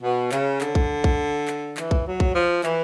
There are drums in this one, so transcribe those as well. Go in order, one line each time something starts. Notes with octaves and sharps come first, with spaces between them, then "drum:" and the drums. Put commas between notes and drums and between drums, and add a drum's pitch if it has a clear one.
B2
C#3, drum: clap
D3, drum: clap
drum: kick
drum: kick
drum: clap
E3, drum: clap
drum: kick
F#3
drum: kick
F3
E3, drum: clap